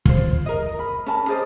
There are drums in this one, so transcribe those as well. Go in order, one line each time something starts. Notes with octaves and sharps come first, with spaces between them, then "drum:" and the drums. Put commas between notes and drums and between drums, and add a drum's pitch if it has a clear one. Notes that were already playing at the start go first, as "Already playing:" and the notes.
F4 C5, drum: kick
A#4 D#5
B5
C#4 A#4 A5 B5
G#4 C5 D5 D#5